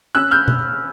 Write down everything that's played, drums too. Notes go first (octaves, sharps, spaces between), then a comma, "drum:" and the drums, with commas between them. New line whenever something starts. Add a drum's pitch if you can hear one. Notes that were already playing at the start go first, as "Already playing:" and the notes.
C#4 E6 F#6
F6 G6
drum: tom B2